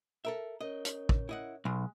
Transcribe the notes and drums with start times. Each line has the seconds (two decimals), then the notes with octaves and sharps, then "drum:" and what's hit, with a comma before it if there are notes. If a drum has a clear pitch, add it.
0.25 A4 A#4 E5
0.61 C#4 A#4 C#5 D#5
0.85 drum: hi-hat
1.09 drum: kick
1.29 E4 D#5 F#5
1.65 B1 G#3